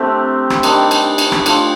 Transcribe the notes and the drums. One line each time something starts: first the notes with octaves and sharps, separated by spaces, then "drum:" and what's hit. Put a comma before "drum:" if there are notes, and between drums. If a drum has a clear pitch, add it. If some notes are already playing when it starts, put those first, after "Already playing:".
Already playing: C3 A3 C4 D4 G4
drum: rim click
D#3 G3 D4, drum: cymbal
drum: cymbal
drum: cymbal
drum: rim click
A3 D4 F4, drum: cymbal